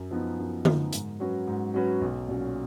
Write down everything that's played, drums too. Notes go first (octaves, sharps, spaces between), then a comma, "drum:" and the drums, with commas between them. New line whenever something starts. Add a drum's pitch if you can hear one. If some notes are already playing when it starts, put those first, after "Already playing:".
Already playing: F#2
F3 B3 D#4
F#2
F3 B3 D#4, drum: tom D3
G#2, drum: hi-hat
F#3 C#4 F#4 B4
G#2
F#3 C#4 F#4 B4
B1
A#2 F#3 C#4